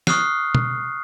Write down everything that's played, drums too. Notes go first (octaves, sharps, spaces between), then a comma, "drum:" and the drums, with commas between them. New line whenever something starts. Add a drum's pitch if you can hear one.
C#6 D#6 F6 F#6 C7, drum: snare
drum: tom B2